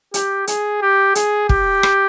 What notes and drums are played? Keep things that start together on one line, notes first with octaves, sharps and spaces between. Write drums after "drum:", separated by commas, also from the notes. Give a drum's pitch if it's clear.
G4, drum: hi-hat
G#4, drum: hi-hat
G4
G#4, drum: hi-hat
G4, drum: kick
drum: rim click